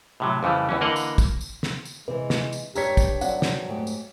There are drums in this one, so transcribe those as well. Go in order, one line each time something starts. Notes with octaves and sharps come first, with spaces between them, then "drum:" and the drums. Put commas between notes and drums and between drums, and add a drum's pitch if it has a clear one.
A2 C3 F#3
F2 C#3 E3 G3
E2 E3 C#4
D3 E3 A#3 A#4 D#5 F#5
drum: tambourine
drum: kick, tambourine
drum: tambourine
drum: snare
drum: tambourine
C3 E3 G#3 B4
drum: snare
drum: tambourine
G2 G4 C#5 A#5 G#6 B6, drum: tambourine
drum: kick, tambourine
F#3 C4 D5 F#5, drum: tambourine
drum: snare
G#2 A3 G4
drum: tambourine